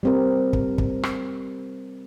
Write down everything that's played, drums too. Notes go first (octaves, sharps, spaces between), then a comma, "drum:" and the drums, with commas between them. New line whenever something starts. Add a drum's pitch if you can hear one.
G3 C4 A#4
drum: kick
drum: kick
drum: rim click